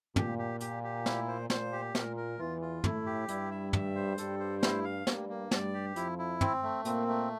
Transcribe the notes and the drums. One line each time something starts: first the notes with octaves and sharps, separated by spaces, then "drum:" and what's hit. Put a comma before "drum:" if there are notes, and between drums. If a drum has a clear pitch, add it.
A#2 G4, drum: tom
G4
G4, drum: hi-hat
G4
E4, drum: snare
C5
A#2 C5, drum: snare
G4
A#2 A#4, drum: snare
A#4
E2 E3 F4
F4
A2 A3 E4, drum: tom
G4
G2 G3 E4, drum: hi-hat
E5
E5, drum: tom
C5
G2 G3 A4, drum: hi-hat
C5
E4, drum: snare
F5
G2 G3 A#3, drum: snare
A#3
G2 G3 D5, drum: snare
G4
F2 F3 E4, drum: hi-hat
E4
C4, drum: tom
A3
A#2 A#3 C4, drum: hi-hat
A3